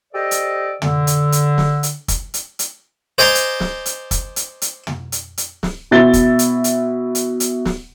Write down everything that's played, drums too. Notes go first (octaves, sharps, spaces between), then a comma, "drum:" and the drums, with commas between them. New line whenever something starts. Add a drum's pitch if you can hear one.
G4 A4 C5 D5 D#5
drum: hi-hat
D3, drum: tom
drum: hi-hat
drum: hi-hat
drum: snare
drum: hi-hat
drum: kick, hi-hat
drum: hi-hat
drum: hi-hat
C5 D5 D#5 G#5 A#5 C6
drum: hi-hat
drum: snare
drum: hi-hat
drum: kick, hi-hat
drum: hi-hat
drum: hi-hat
drum: tom
drum: hi-hat
drum: hi-hat
drum: snare
B2 E4 C6 A6 G7
drum: kick, hi-hat
drum: hi-hat
drum: hi-hat
drum: hi-hat
drum: hi-hat
drum: snare